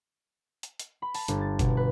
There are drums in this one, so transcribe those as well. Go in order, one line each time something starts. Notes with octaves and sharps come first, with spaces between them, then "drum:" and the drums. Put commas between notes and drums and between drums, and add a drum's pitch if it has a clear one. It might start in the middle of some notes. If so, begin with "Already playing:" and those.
drum: hi-hat
drum: hi-hat
B5
A5, drum: open hi-hat
G1, drum: hi-hat
A6
B2, drum: kick F1, hi-hat
B4